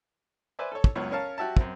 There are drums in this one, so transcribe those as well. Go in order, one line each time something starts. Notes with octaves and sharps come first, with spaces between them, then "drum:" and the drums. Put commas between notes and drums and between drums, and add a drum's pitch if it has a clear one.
B4 C5 D5 E5 G#5
A4 C#5
drum: kick
C#2 F#2 B3 F4 C#5
C#4 A#4 C#5 F5 A5
F#4 G4 E5 A5
F#2 C4, drum: kick